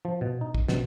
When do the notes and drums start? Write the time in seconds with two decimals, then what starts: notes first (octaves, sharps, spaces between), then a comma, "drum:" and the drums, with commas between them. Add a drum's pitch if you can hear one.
0.05 F3
0.21 B2
0.41 D#4
0.55 drum: kick
0.68 B2, drum: snare